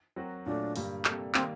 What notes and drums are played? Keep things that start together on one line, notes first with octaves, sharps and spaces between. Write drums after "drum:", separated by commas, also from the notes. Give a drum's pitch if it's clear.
F#3 C4 F#4 A#4
A#2 F#3 A3 D4
G2 D3 G3 A#3, drum: open hi-hat
C3 G3 A#3 D4 A4, drum: clap
D#3 G3 A#3 C4, drum: clap